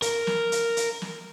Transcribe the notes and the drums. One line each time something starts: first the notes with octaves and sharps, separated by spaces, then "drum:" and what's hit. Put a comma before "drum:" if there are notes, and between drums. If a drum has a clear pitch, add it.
A#4, drum: hi-hat
drum: snare
drum: hi-hat
drum: hi-hat
drum: snare